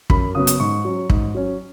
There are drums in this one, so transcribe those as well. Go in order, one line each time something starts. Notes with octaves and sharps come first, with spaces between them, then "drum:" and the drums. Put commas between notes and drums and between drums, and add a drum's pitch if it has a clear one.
F#2 B5, drum: kick
C#3 F#3 B3 D#6
drum: hi-hat
G#2 C#6
F#3 C#4
G#2, drum: kick
F#3 C#4